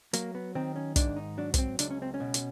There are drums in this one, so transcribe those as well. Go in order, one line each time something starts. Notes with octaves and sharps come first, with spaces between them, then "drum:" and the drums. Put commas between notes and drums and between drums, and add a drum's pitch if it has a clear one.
F#3 A#3, drum: hi-hat
B3
D#3 C4
C#4
G#2 D4, drum: kick, hi-hat
D#4
F#3 D4
B3, drum: kick, hi-hat
C4
C#2 D4, drum: hi-hat
C#4
C4
C#4
B2
drum: hi-hat